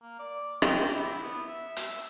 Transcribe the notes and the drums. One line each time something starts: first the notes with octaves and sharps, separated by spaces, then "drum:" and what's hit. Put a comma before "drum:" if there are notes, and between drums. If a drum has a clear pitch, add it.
A#3
D5
G5, drum: rim click
G4
E4
B3
E5
drum: hi-hat